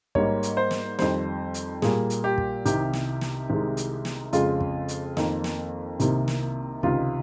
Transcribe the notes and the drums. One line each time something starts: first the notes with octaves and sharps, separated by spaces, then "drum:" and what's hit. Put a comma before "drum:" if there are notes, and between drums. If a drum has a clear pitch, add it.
G#2 G3 A#3 C#5, drum: kick
drum: hi-hat
C5
drum: snare
F2 D#3 G3 C5, drum: snare
drum: hi-hat
A#2 G3 A#3 G#4, drum: snare
drum: hi-hat
G4
drum: kick
C2 C3 D#3 G4, drum: hi-hat
drum: snare
drum: snare
C2 C3 D#3 G#3
drum: hi-hat
drum: snare
F2 C#3 G#3 F4, drum: hi-hat
drum: kick
drum: hi-hat
F2 D#3 A#3, drum: snare
drum: snare
C2 C3 D#3 A#3, drum: hi-hat
drum: snare
C#2 C3 D#3 F4, drum: kick